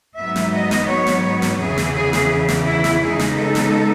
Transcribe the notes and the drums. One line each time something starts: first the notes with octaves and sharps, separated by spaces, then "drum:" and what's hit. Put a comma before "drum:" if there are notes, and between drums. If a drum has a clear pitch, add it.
G#2 F#3 B3 D#4 E5
drum: snare
D#5
drum: snare
C#5
drum: snare
drum: snare
E2 C#3 E3 G#4
drum: snare
G#4
drum: snare
drum: snare
E4
drum: snare
C#3 G#3 B3 D#4 G#4
drum: snare
A4
drum: snare